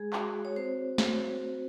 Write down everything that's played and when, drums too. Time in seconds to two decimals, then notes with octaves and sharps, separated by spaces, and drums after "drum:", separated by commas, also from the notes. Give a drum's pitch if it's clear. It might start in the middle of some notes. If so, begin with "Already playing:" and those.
Already playing: G#3 G#4
0.13 F#4, drum: clap
0.45 C#5
0.56 C4 C5
0.98 F#4, drum: snare
1.41 C4